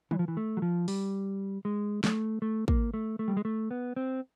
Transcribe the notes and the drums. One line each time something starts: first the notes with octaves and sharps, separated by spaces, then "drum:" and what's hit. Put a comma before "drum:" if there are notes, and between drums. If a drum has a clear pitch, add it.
E3, drum: tom
F3
E3
A3
F#3
F3
G3, drum: open hi-hat
G#3
A3, drum: snare
A3
A#3, drum: kick
A3
A3
G3
G#3
A3
B3
C4